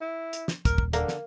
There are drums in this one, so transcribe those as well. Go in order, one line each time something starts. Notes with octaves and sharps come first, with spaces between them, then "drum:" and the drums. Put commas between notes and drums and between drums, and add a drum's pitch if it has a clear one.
E4
drum: hi-hat
drum: snare
D#1 A#4, drum: kick, hi-hat
drum: kick
D3 A#3, drum: hi-hat
drum: snare